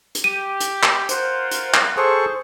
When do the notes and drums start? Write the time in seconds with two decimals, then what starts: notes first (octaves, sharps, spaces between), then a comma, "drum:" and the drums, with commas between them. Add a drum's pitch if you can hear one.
0.15 drum: hi-hat
0.24 G4 D#7
0.60 drum: hi-hat
0.83 drum: clap
1.09 F4 A#4 C5 F#5, drum: hi-hat
1.51 drum: hi-hat
1.74 drum: clap
1.97 G#4 A4 C5 C#6